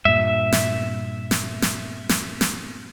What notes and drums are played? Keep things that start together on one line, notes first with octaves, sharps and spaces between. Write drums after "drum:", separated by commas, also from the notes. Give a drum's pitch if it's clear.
G2 A#2 E5
drum: snare
drum: snare
drum: snare
drum: snare
drum: snare